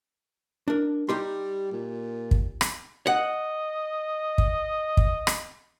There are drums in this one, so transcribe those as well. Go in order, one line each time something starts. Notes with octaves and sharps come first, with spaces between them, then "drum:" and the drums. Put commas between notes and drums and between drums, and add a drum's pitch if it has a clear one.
D4 A#4
G3 D#4 G4 C6
A#2
drum: kick
drum: rim click
D#5 F#5
drum: kick
drum: kick
drum: rim click